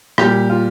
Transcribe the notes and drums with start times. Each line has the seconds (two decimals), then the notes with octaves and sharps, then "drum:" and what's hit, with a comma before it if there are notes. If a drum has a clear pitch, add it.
0.18 A#2 G3 G4, drum: rim click
0.50 F4